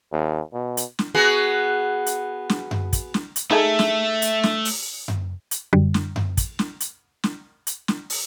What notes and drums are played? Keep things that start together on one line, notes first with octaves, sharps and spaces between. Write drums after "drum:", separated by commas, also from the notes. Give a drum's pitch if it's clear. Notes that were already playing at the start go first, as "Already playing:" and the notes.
D#2
B2
drum: hi-hat
drum: snare
B3 F#4 G#4
drum: hi-hat
drum: snare
drum: tom F#2
drum: kick, hi-hat
drum: snare
drum: hi-hat
A3 D#4 G#4 A4 E5
drum: snare
drum: hi-hat
drum: snare
drum: open hi-hat
drum: tom F#2
drum: hi-hat
F#2 D3 G3
drum: snare
drum: tom F#2
drum: kick, hi-hat
drum: snare
drum: hi-hat
drum: snare
drum: hi-hat
drum: snare
drum: open hi-hat